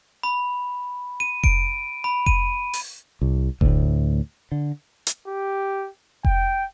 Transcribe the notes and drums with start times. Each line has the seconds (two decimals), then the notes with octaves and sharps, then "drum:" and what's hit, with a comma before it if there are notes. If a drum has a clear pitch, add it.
0.23 B5
1.20 D#7
1.44 D7, drum: kick F1
2.04 B5
2.26 D#7, drum: kick F1
2.73 drum: open hi-hat
3.21 C2
3.61 D2 A2, drum: kick F1
4.52 D3
5.07 drum: hi-hat
5.27 G4
6.25 G5, drum: kick F1